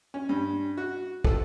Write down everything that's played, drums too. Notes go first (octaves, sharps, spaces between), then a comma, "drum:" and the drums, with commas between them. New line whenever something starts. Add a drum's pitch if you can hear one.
C#4
G2
F#4
A4, drum: kick